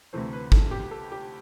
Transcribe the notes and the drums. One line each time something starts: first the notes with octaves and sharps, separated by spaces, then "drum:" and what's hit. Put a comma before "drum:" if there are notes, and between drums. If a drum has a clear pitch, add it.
D2 C3 E3 A3 C5
B4
A4, drum: kick
G4
A4
G4